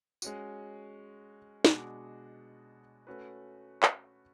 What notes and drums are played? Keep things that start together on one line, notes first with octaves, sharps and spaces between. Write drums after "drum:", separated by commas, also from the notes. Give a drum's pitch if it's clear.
G#3 C#4 F#4, drum: tambourine
B2 G#3 D4 F#4, drum: snare
A3 C#4 F#4 B4
drum: clap